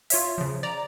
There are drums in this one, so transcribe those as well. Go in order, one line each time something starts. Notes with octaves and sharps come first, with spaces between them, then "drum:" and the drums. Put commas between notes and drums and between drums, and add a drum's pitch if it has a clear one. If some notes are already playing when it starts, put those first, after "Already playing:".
F4 C#5 E5, drum: open hi-hat
C#3 F3
D5 A#5